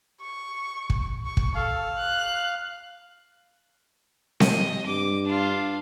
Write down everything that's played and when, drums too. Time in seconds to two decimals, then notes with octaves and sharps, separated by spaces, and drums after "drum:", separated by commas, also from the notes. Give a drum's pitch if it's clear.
0.21 C#6
0.90 drum: kick
1.26 C#6
1.37 drum: kick
1.55 A4 F5
1.97 F#6
4.40 D#5, drum: snare C4
4.87 G2 D6
5.25 D4 F4